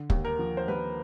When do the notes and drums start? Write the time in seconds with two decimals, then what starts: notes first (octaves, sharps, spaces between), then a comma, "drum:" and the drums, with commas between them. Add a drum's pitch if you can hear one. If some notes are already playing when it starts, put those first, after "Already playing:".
Already playing: D3
0.10 D#2, drum: kick
0.25 A#4
0.39 F3
0.57 C5
0.68 D#2 B4